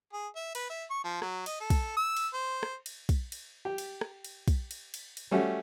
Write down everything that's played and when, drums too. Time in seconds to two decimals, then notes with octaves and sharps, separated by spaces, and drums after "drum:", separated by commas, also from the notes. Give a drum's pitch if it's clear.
0.13 G#4
0.36 E5
0.55 B4, drum: cymbal
0.70 E5
0.90 C#6
1.04 F3
1.22 F#3, drum: rim click
1.46 D#5, drum: cymbal
1.60 A4
1.70 drum: kick, cymbal
1.97 E6
2.17 drum: cymbal
2.34 C5
2.63 drum: rim click
2.86 drum: cymbal
3.09 drum: kick, cymbal
3.32 drum: cymbal
3.65 G4
3.78 drum: cymbal
4.01 drum: rim click
4.24 drum: cymbal
4.48 drum: kick, cymbal
4.71 drum: cymbal
4.94 drum: cymbal
5.17 drum: cymbal
5.31 G3 A3 C#4 F#4